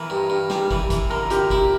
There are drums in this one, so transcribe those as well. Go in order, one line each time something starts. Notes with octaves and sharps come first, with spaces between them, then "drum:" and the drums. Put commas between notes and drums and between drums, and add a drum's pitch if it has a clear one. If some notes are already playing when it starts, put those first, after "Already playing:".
Already playing: E3 A#4
G2
G2
G3, drum: snare
E3, drum: kick
E3, drum: kick, hi-hat
D3 A#4
D3 G4, drum: hi-hat
E4 G4, drum: kick